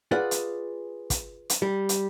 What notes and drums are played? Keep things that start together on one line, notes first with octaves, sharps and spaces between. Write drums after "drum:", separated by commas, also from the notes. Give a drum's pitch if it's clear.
F4 G#4 B4 D5 F#5
drum: hi-hat
drum: kick, hi-hat
drum: hi-hat
G3
drum: hi-hat